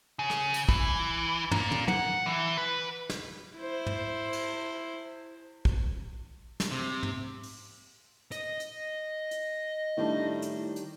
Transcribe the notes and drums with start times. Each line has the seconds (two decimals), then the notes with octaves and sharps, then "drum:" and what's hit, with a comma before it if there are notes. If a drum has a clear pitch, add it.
0.19 C#3
0.30 drum: rim click
0.54 drum: tambourine
0.69 E3, drum: kick
1.51 A#2, drum: tom
1.71 drum: tom
1.88 F#5, drum: tom
2.26 E3
2.57 B4
3.10 drum: snare
3.58 E4 C5
3.86 drum: tom
4.33 drum: cymbal
5.65 drum: kick
6.60 drum: snare
6.72 C3
7.03 drum: tom
7.43 drum: open hi-hat
8.32 D#5, drum: hi-hat
8.60 drum: hi-hat
9.31 drum: hi-hat
9.97 A2 D#3 G3 D4
10.42 drum: hi-hat
10.76 drum: hi-hat